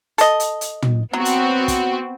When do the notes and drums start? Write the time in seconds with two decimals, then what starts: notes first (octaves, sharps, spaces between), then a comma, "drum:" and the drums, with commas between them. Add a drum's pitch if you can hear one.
0.18 A4 D#5, drum: hi-hat
0.40 drum: hi-hat
0.61 drum: hi-hat
0.82 drum: tom
1.13 F#3 B3 C4 F#4
1.25 drum: hi-hat
1.68 drum: kick, hi-hat